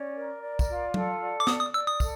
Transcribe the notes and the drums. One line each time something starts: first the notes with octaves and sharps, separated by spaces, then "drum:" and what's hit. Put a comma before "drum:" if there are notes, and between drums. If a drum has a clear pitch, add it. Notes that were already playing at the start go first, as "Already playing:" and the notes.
Already playing: C#4 D5
A#4
D5
drum: kick, tambourine
F4
A4, drum: tom F#3
D5
D6
D5 D#6, drum: snare
D#6
D5 E6
D#6
A4, drum: kick, tambourine